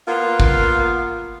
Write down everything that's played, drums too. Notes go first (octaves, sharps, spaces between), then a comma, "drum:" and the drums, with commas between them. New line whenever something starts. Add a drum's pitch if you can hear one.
A#3 B3 F4
drum: kick A1